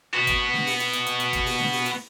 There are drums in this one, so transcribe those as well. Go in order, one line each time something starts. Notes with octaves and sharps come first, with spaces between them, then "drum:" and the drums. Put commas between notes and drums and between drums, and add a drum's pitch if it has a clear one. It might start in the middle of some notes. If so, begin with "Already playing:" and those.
B3 F#4
drum: kick, hi-hat
drum: snare
drum: open hi-hat
drum: hi-hat
drum: hi-hat
drum: hi-hat
drum: hi-hat
drum: kick, hi-hat
drum: open hi-hat
drum: snare
drum: open hi-hat
drum: hi-hat